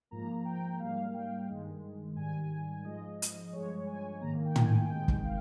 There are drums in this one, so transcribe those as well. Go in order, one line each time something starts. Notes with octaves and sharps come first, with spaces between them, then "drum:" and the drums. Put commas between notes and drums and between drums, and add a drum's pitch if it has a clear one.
G#2 F3 A#3 A#5
G5
G#2 G3 A#3 F5
G5
G2 D#3 G#3
G#2 D#3 G3 G#5
G#2 F3 G#3 D#5
drum: hi-hat
G2 F3 G#3 C#5
G#5
G#2 D#3 A#3 A#5
G5
G#5, drum: tom
C3 D#3 G#3 G5
drum: kick F#1
F5